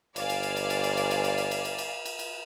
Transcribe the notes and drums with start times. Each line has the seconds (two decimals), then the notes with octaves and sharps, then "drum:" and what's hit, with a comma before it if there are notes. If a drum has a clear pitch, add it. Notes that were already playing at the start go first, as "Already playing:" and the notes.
0.16 G1 D5 F5 G#5, drum: cymbal
0.29 drum: cymbal
0.43 drum: cymbal
0.57 drum: cymbal
0.70 drum: cymbal
0.84 drum: cymbal
0.97 drum: cymbal
1.11 drum: cymbal
1.24 drum: cymbal
1.38 drum: cymbal
1.51 drum: cymbal
1.65 drum: cymbal
1.78 drum: cymbal
2.05 drum: cymbal
2.19 drum: cymbal